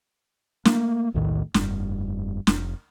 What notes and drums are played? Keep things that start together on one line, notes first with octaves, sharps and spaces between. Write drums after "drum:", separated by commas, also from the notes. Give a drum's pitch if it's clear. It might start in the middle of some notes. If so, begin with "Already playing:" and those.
A3 A#3, drum: snare
B1 E2 A2 D#3
F1 G2, drum: snare
F1, drum: snare